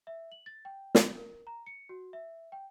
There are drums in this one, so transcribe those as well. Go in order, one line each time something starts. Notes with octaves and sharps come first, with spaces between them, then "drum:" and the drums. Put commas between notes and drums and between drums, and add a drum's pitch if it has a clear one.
E5
F#7
A6
G5
drum: snare
A#4
A#5
C#7
F#4
E5
G5